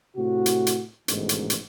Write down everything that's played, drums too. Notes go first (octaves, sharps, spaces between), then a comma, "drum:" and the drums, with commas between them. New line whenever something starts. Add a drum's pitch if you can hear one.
A2 C3 F#4
drum: hi-hat
drum: hi-hat
A1 G#2 B2 D3 D#3, drum: hi-hat
drum: hi-hat
drum: hi-hat